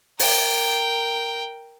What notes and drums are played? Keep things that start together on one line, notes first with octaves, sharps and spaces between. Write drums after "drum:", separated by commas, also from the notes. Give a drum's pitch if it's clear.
A#4 G5, drum: open hi-hat